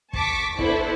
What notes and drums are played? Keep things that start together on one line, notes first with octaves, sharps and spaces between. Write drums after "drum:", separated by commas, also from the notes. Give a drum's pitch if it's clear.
A5 C#6 D6 B6, drum: kick
B3 D4 E4 A4 C5, drum: kick